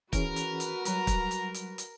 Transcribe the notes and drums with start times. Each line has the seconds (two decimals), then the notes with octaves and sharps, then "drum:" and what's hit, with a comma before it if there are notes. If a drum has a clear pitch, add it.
0.13 E3 C#4 F#4 G#4 A#4 B4, drum: kick, hi-hat
0.36 drum: hi-hat
0.60 drum: hi-hat
0.85 F#3 G3 A#5, drum: hi-hat
1.07 drum: kick, hi-hat
1.31 drum: hi-hat
1.54 drum: hi-hat
1.78 drum: hi-hat